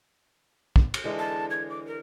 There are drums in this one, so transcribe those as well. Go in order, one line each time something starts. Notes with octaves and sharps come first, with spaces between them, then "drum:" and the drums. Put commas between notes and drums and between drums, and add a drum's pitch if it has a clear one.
drum: kick
drum: cymbal
D3 E3 G#3
A5
G#6
D6
A#4